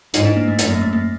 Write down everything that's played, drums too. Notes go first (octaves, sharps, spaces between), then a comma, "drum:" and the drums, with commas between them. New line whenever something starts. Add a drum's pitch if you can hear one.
G#2 D#4 F4, drum: hi-hat
D4 E4
A#3
A3
F#2 A3, drum: hi-hat
A#3
A3
A#3